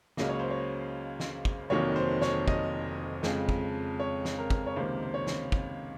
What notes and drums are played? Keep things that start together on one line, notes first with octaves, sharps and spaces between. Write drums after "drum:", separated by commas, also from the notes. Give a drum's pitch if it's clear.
C#2 C#3 F#3 A#3 D#5, drum: snare
C#5
C5
C#5
drum: snare
drum: kick
F1 F2 D#3 F#3 A#3 C#5
C5
C#5, drum: snare
D#5, drum: kick
F2 C#3 F3 G#3, drum: snare
drum: kick
C#5
drum: snare
A#4
drum: kick
C#5
C#2 C3 D#3 A#3 C5
C5
C#5
drum: snare
drum: kick